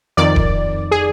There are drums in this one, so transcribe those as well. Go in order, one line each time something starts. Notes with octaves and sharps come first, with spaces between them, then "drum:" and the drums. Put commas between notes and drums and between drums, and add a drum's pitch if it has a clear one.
F2 D#3 D5
drum: kick D#1
G#4